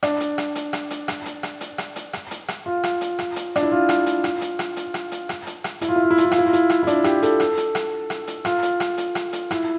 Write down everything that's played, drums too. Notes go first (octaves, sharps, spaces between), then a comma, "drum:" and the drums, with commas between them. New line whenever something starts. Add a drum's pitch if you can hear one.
D4, drum: rim click
drum: hi-hat
drum: rim click
drum: hi-hat
drum: rim click
drum: hi-hat
drum: rim click
drum: hi-hat
drum: rim click
drum: hi-hat
drum: rim click
drum: hi-hat
drum: rim click
drum: hi-hat
drum: rim click
F4
drum: rim click
drum: hi-hat
drum: rim click
drum: hi-hat
D4, drum: rim click
E4
F4
drum: rim click
drum: hi-hat
drum: rim click
drum: hi-hat
drum: rim click
drum: hi-hat
drum: rim click
drum: hi-hat
drum: rim click
drum: hi-hat
drum: rim click
E4, drum: hi-hat
F4
E4
F4
E4
F4, drum: hi-hat
E4
F4, drum: rim click
E4
F4
E4, drum: hi-hat
drum: rim click
E4
D4, drum: hi-hat
G4, drum: rim click
A4, drum: hi-hat
drum: rim click
drum: hi-hat
drum: rim click
drum: rim click
drum: hi-hat
F4, drum: rim click
drum: hi-hat
drum: rim click
drum: hi-hat
drum: rim click
drum: hi-hat
E4, drum: rim click